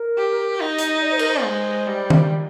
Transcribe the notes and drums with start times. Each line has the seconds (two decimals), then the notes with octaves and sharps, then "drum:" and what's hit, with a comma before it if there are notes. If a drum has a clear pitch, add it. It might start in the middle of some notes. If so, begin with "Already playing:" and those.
Already playing: A#4
0.18 G4
0.60 D#4
0.79 drum: hi-hat
1.01 D5
1.11 C5
1.19 A#4, drum: cymbal
1.28 C5
1.44 G#3
1.87 G3
2.10 drum: tom D#3